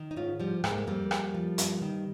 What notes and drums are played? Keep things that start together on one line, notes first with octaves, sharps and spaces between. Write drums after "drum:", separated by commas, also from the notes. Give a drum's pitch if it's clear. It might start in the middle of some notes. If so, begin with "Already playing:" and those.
Already playing: D#3
D#4
G#2 C#4 F4
F3 G3
G#2 G#3, drum: rim click
A#3
G#3
F2 G3 A#3
F2, drum: rim click
F3
G2, drum: hi-hat
D#3